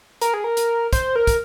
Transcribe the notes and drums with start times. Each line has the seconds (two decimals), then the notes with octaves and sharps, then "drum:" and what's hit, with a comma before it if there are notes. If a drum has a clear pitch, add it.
0.21 A#4, drum: hi-hat
0.34 G#4
0.44 A#4
0.57 drum: hi-hat
0.93 C5, drum: kick, hi-hat
1.16 A#4
1.27 drum: kick, hi-hat